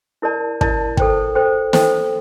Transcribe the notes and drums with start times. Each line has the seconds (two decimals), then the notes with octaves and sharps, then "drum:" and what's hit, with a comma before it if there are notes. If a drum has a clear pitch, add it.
0.22 E4 A#4 D5 A5
0.61 E4 A#4 D5 A5, drum: kick
0.97 A4 C5 G5, drum: kick
1.35 A4 C5 G5
1.73 A4 C5 G5, drum: snare